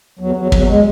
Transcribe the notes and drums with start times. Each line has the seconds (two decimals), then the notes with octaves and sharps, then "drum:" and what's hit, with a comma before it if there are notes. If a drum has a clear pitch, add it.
0.19 E2 F#3
0.36 E2 F#3
0.52 E2 F#3, drum: kick
0.69 G#3